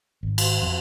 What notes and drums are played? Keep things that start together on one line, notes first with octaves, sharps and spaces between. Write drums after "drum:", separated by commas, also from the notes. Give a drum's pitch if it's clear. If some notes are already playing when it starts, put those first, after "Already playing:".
G#1
drum: cymbal
F2